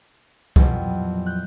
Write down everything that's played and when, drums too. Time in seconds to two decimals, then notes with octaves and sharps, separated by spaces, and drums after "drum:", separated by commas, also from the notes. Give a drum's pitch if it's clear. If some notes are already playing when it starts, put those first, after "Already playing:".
0.56 F2 A#2 E3 F#3 G3 B3, drum: kick C2
1.26 F#6 G6